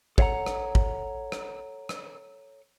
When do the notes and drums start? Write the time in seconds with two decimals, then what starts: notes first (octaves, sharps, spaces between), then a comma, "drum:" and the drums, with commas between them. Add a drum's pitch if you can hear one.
0.18 A4 C#5 F5 F#5 A#5, drum: kick
0.46 drum: rim click
0.75 drum: kick
1.32 drum: rim click
1.89 drum: rim click